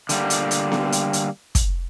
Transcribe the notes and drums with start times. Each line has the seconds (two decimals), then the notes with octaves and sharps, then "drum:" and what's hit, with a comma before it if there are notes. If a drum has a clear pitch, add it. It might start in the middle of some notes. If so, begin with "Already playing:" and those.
0.09 D3 G3 A#3, drum: hi-hat
0.30 drum: hi-hat
0.51 drum: hi-hat
0.72 drum: snare B3
0.92 drum: hi-hat
1.13 drum: hi-hat
1.55 drum: kick, hi-hat